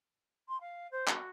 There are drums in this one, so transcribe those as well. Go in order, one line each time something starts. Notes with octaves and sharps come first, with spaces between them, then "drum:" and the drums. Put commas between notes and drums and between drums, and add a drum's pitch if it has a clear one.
C6
F5
C5
F#4, drum: clap